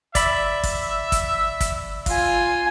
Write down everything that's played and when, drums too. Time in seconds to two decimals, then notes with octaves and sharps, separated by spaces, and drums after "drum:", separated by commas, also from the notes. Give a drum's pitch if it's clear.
0.15 D5 E5 B5, drum: kick, hi-hat
0.63 drum: kick, open hi-hat
1.12 drum: kick, hi-hat
1.60 drum: kick, hi-hat
2.06 F4 G#5, drum: kick, open hi-hat